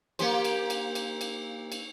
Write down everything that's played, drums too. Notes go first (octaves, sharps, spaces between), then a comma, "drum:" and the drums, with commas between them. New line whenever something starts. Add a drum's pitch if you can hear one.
A#3 G4 C5, drum: cymbal
drum: cymbal
drum: cymbal
drum: cymbal
drum: cymbal
drum: cymbal